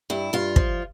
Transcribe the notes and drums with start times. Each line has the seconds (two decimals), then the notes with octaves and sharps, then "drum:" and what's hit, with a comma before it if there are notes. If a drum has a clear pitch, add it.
0.10 G2 E4
0.33 G2 F4
0.56 F3, drum: kick